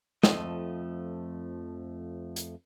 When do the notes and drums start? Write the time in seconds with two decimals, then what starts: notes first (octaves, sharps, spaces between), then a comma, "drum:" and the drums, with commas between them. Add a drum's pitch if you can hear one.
0.23 F2 F3 A3 D#5, drum: snare
2.36 drum: hi-hat